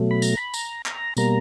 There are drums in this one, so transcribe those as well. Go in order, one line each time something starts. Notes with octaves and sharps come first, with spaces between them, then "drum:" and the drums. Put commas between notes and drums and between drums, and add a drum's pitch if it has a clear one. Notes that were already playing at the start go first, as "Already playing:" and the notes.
Already playing: B2 F#3 A3
B5
A#5, drum: tambourine
B5
A#5, drum: tambourine
A#5, drum: clap
B2 G3 A#3 A#5, drum: tambourine